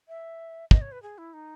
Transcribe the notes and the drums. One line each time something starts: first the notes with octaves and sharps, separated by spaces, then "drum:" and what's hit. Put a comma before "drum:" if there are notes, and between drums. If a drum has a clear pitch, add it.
E5
D#5, drum: kick
C#5
B4
G#4
E4
D#4